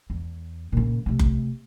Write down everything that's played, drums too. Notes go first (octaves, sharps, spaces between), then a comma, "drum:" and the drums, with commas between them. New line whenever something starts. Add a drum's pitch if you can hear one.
E2
A#2 C#3
C3 A3
drum: kick F#1